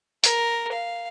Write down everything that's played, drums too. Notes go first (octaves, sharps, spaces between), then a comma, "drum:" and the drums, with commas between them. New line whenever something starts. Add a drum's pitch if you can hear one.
A#4, drum: hi-hat
F5